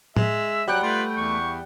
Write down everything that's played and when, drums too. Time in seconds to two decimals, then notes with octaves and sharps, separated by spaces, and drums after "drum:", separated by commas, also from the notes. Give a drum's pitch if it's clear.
0.17 G#3 E5, drum: tom A2
0.68 F#3 G3 F#5 G5 F#6
0.83 A3 F4 B4
1.17 E2 C#6